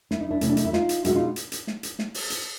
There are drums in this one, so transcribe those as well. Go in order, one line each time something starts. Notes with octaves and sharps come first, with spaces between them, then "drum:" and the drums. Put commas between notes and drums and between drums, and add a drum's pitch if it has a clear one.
E4, drum: snare
D#4
D4 E4
C3 E3 A3 C#4, drum: hi-hat
D4
D#4, drum: hi-hat
E4
D#4 F4, drum: snare
drum: hi-hat
B2 G#3 E4 F#4, drum: hi-hat
D#4 F4
drum: hi-hat
drum: hi-hat
drum: snare
drum: hi-hat
drum: snare
drum: open hi-hat
drum: hi-hat